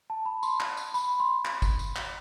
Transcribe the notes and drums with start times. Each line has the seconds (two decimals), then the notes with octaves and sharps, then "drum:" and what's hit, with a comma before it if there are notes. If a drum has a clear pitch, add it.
0.10 A5
0.26 B5
0.43 C6, drum: tambourine
0.60 drum: clap
0.77 drum: tambourine
0.94 B5, drum: tambourine
1.20 C6
1.45 drum: clap
1.62 drum: kick, tambourine
1.79 drum: tambourine
1.96 drum: clap